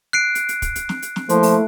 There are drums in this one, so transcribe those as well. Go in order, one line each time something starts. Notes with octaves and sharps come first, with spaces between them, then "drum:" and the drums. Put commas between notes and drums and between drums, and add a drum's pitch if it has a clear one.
F#6 C7 D7
drum: hi-hat
drum: hi-hat
drum: kick, hi-hat
drum: hi-hat
drum: snare
drum: hi-hat
drum: snare
F3 A3 A#3 E4, drum: hi-hat
drum: open hi-hat